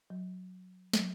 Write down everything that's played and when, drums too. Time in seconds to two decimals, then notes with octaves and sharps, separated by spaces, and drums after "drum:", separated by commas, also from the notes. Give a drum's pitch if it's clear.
0.10 F#3
0.93 F#3, drum: snare